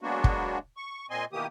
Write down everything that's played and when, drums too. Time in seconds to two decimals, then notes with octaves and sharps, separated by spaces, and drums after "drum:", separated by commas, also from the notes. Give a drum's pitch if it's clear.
0.01 F#3 G#3 A#3 B3 D4 F#4
0.24 drum: kick
0.77 C#6
1.10 A#2 C4 D#5 G#5 C6
1.33 B2 D#3 E3 A#3 G4 D#6